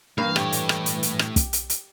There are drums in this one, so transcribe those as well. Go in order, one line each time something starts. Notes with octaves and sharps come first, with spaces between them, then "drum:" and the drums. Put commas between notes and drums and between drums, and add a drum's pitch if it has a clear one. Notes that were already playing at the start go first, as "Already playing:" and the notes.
G2 E3 A#3 F5
A3 G4 C#5, drum: rim click
drum: hi-hat
drum: rim click
drum: hi-hat
drum: hi-hat
drum: rim click
drum: kick, hi-hat
drum: hi-hat
drum: hi-hat